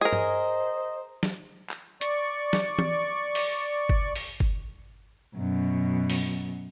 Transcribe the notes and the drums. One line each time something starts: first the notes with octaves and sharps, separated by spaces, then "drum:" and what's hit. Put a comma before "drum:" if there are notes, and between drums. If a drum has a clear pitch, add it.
G#4 A#4 C5 D#5
drum: tom G2
drum: snare
drum: clap
D5 C#6, drum: hi-hat
drum: snare
drum: tom E3
drum: open hi-hat
drum: kick G1
drum: open hi-hat
drum: kick G1
F#2 B2
drum: open hi-hat